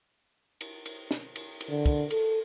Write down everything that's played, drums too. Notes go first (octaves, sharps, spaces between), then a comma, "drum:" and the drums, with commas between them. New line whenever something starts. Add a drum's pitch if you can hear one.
drum: cymbal
drum: cymbal
drum: snare
drum: cymbal
drum: cymbal
D3
drum: kick, cymbal
A4, drum: cymbal